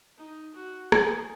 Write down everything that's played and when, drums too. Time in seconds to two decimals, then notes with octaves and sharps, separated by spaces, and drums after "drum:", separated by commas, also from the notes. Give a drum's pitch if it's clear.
0.18 D#4
0.55 F#4
0.92 G#4, drum: rim click